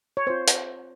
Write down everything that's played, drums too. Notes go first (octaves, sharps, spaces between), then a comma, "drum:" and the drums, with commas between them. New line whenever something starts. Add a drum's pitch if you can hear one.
C#5
C4 F4 C5
drum: hi-hat